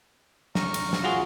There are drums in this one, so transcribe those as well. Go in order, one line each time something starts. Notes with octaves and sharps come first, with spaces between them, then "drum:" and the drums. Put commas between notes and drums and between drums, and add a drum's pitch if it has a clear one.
A#5 C#6 F6, drum: snare
drum: cymbal
drum: snare
F4 F#4 G#4